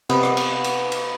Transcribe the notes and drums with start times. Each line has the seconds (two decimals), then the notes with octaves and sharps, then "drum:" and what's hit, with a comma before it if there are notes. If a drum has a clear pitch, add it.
0.09 C3 B3, drum: cymbal
0.23 drum: rim click
0.37 drum: cymbal
0.64 drum: cymbal
0.92 drum: cymbal